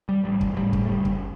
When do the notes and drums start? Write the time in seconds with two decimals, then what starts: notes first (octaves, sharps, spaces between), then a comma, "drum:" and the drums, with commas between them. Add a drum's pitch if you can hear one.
0.09 G3
0.24 A1 G3
0.41 drum: kick
0.56 A2 G3
0.73 drum: kick
0.85 A3
0.88 F#1 G3
1.05 drum: kick